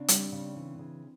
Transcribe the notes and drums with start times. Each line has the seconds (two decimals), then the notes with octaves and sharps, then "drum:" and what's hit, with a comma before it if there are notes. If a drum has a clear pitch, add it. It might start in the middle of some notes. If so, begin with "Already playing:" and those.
Already playing: C#3 C4 D4
0.08 G3, drum: hi-hat
0.32 C#3
0.56 E3
0.78 C#3